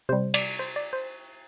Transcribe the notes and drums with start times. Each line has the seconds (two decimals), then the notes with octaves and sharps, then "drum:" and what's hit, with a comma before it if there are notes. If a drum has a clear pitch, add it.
0.09 C3 G3 C5
0.34 D5, drum: cymbal
0.59 C5
0.76 D5
0.93 C5